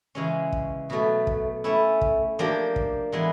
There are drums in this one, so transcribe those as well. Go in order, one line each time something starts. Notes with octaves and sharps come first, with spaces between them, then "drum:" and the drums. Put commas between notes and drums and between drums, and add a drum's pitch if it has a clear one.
C#3 E3 G#3 C#4
drum: kick
B2 F#3 A3
drum: kick
A3 C#4 E4
drum: kick
F3 A#3 D4 G4
drum: kick
E3 G#3 B3